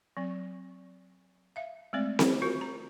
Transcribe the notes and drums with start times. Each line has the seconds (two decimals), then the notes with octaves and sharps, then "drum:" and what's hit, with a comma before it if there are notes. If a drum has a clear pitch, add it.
0.17 F#3 C4
1.56 E5 F5
1.93 G#3 A3 C4 D5
2.19 drum: snare C4
2.42 F4 F#4 A#4
2.61 A#5